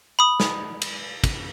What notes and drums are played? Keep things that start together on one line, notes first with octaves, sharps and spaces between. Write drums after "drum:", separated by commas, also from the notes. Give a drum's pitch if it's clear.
B5 D#6
drum: snare
drum: cymbal
drum: kick, cymbal